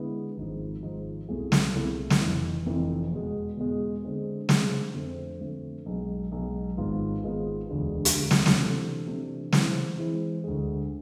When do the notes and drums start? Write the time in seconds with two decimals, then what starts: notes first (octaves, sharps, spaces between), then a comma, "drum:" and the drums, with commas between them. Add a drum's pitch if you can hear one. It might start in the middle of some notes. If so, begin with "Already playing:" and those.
Already playing: D3 G#3 B3 E4
0.37 G#1 G#2 F3
0.83 G#1 G#2 F3
1.29 C2 B2 A3 E4 G#4
1.52 drum: snare
1.75 C2 B2 A3 E4 G#4
2.10 drum: snare
2.20 F1 F2 E3
2.66 F1 F2 E3
3.12 E2 B2 G#3
3.57 E2 B2 G#3
4.03 D3 G#3 C4
4.49 D3 G#3 C4, drum: snare
4.95 F2 D3 A3 C4
5.40 F2 D3 A3 C4
5.86 B1 B2 G#3
6.32 B1 B2 G#3
6.78 G#1 G#2 G#3 B3 F4
7.24 G#1 G#2 G#3 B3 F4
7.69 E1 D2 D3 G#3
8.05 drum: hi-hat
8.15 E1 D2 D3 G#3
8.31 drum: snare
8.46 drum: snare
8.61 C3 E3 A3 D4 A4
9.06 C3 E3 A3 D4 A4
9.52 E3 G#3 C4 E4, drum: snare
9.98 E3 G#3 C4 E4
10.44 D2 D3 G#3